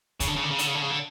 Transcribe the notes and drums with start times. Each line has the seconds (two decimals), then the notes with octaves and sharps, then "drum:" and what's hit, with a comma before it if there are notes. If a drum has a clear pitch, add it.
0.20 C#3, drum: kick, hi-hat
0.27 D3
0.36 C#3
0.43 D3
0.51 C#3
0.59 D3, drum: hi-hat
0.67 C#3
0.74 D3
0.82 C#3
0.90 D3